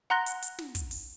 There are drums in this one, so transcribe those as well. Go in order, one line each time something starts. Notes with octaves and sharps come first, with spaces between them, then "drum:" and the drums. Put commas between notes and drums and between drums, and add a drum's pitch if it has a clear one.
F#5 A#5 C6 F#6 A#6 G7
drum: hi-hat
drum: hi-hat
drum: snare
drum: kick, hi-hat
drum: open hi-hat